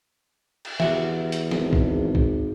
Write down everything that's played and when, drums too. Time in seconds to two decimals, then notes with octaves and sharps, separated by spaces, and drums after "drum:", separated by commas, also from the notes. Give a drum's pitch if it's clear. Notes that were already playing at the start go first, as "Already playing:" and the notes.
0.65 drum: cymbal
0.80 E2 F#4 G4 E5, drum: snare
1.32 drum: hi-hat
1.51 G#1, drum: snare
1.73 drum: kick
2.15 drum: kick